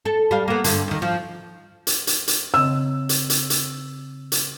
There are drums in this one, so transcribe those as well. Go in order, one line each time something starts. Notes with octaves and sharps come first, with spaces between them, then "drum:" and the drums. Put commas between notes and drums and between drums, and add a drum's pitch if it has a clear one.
A4
G3 F5
A#3 B3
G2 D3, drum: hi-hat
D#2 D#3
F3
drum: hi-hat
drum: hi-hat
drum: hi-hat
C#3 C4 D#5 E6
drum: hi-hat
drum: hi-hat
drum: hi-hat
drum: hi-hat